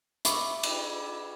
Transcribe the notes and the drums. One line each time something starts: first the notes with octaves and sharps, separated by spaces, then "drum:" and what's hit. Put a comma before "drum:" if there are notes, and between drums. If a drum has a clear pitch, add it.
E5 B5 C#6 D6, drum: hi-hat
drum: cymbal